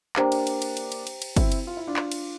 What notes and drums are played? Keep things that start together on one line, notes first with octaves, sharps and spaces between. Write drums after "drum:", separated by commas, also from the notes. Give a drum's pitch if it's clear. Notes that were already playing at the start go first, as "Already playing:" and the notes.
A#3 D4 G4 C5 G5 A#5, drum: clap
drum: cymbal
drum: cymbal
drum: cymbal
drum: cymbal
drum: cymbal
drum: cymbal
drum: cymbal
C4 E4, drum: kick, cymbal
drum: cymbal
F4
E4
D4 F4
drum: clap
drum: cymbal